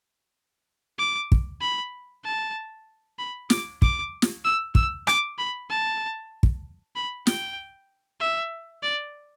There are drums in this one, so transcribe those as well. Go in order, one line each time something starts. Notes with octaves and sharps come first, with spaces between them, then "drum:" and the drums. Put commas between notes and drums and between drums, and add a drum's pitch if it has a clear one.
D6
drum: kick
B5
A5
B5
D6, drum: snare
D6, drum: kick
drum: snare
E6
E6, drum: kick
D6, drum: rim click
B5
A5
drum: kick
B5
G5, drum: snare
E5
D5